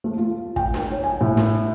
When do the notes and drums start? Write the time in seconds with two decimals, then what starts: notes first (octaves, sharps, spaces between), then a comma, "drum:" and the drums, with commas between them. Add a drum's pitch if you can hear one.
0.04 A3
0.18 F4
0.56 G5, drum: kick
0.74 drum: snare
0.91 C#5
1.04 G#5
1.21 A2
1.37 drum: snare